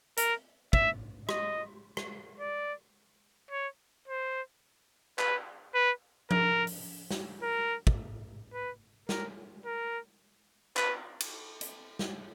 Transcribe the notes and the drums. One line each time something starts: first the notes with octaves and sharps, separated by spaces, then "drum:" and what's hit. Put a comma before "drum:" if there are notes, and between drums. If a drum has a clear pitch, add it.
A#4, drum: hi-hat
E5, drum: kick
D#5, drum: rim click
drum: rim click
D5
C#5
C5
B4, drum: clap
B4
A#4, drum: tom F3
drum: open hi-hat
drum: snare
A#4
drum: kick
B4
A#4, drum: snare
A#4
B4, drum: clap
drum: cymbal
drum: hi-hat
drum: snare